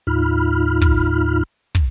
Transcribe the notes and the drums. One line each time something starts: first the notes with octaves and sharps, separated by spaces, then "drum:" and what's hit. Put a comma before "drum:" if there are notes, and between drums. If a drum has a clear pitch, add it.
D#2 A2 D#4 F4 B5 F6
drum: kick
drum: kick